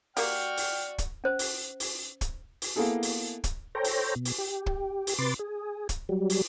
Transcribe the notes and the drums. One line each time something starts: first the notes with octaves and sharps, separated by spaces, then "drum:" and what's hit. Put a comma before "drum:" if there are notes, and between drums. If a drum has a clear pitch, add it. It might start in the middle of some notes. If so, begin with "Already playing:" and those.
A#3 F#4 G4 D5 G5 F6, drum: open hi-hat
drum: open hi-hat
drum: kick, hi-hat
C#4 C5
drum: open hi-hat
drum: open hi-hat
drum: kick, hi-hat
drum: open hi-hat
A#3 B3 E4 G#4 A4
drum: open hi-hat
drum: kick, hi-hat
A4 C5 C#5 G5 A#5
drum: open hi-hat
B2
drum: open hi-hat
G4
drum: kick
drum: open hi-hat
C3 B4 C6 D6 A6
G#4
drum: kick, hi-hat
F#3 G3
drum: open hi-hat